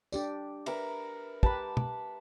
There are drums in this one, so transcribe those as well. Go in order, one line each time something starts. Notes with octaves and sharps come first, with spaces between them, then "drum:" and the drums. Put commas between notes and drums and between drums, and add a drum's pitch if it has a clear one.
D4 G4 D5, drum: tambourine
A#4 B4 E5, drum: cymbal
G4 B4 A5 B5, drum: kick
drum: tom